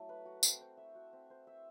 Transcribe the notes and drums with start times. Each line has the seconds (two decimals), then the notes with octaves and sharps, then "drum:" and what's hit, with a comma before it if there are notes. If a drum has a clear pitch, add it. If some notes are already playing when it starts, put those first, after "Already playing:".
Already playing: F#3 A3 E4
0.09 B4
0.25 F#4
0.43 C4, drum: tambourine
0.61 C5
0.77 E5
0.95 F#4
1.13 C4
1.30 C5
1.47 E5